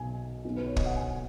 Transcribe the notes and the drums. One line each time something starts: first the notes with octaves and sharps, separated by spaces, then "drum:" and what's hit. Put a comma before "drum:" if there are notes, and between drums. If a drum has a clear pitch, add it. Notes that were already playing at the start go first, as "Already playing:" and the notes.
Already playing: B1 B2 G#5
B1 B2
B4
C#5
D#5, drum: kick
F#5
G#5